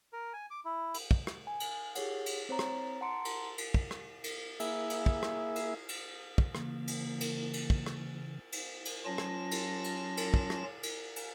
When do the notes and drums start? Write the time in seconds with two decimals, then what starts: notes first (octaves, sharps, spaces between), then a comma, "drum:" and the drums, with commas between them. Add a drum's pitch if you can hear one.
0.13 A#4
0.33 G#5
0.51 D6
0.65 E4
0.94 drum: cymbal
1.11 drum: kick
1.27 drum: rim click
1.47 G#5
1.60 drum: cymbal
1.95 G4 G#4 C#5 F#5, drum: cymbal
2.26 drum: cymbal
2.49 C4 C5 C#5 A#5
2.59 drum: rim click
3.01 F#5 A5 A#5 C6 C#7 D7
3.25 drum: cymbal
3.58 drum: cymbal
3.74 drum: kick
3.91 drum: rim click
4.24 drum: cymbal
4.60 A#3 E4 G#4 E5, drum: cymbal
4.90 drum: cymbal
5.06 drum: kick
5.23 drum: rim click
5.56 drum: cymbal
5.89 drum: cymbal
6.38 drum: kick
6.55 C#3 E3 A#3, drum: rim click
6.88 drum: cymbal
7.21 drum: cymbal
7.53 drum: cymbal
7.70 drum: kick
7.86 drum: rim click
8.52 drum: cymbal
8.85 drum: cymbal
9.05 F#3 C#4 F4 A5 A#6
9.18 drum: rim click
9.51 drum: cymbal
9.84 drum: cymbal
10.17 drum: cymbal
10.34 drum: kick
10.50 drum: rim click
10.83 drum: cymbal
11.16 drum: cymbal